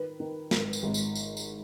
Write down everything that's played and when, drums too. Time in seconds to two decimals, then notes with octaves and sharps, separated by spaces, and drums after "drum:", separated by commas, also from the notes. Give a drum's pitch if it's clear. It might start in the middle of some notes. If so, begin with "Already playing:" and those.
Already playing: D#3 B4
0.20 D#3
0.51 G#1, drum: snare
0.73 drum: tambourine
0.83 G#1
0.94 drum: tambourine
1.15 drum: tambourine
1.37 drum: tambourine